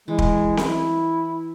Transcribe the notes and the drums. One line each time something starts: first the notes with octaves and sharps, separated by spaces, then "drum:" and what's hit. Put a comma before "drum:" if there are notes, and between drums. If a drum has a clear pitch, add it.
E3 G#3
drum: kick
E4, drum: snare C4